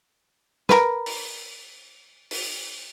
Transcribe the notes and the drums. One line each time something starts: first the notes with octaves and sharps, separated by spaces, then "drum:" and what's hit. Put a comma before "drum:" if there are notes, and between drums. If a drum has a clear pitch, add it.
A#4 B4, drum: snare
drum: open hi-hat
drum: open hi-hat